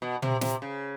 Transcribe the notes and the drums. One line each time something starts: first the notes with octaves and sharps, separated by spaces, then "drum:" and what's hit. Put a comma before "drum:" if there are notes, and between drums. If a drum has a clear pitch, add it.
B2
C3, drum: tom
C3, drum: snare
C#3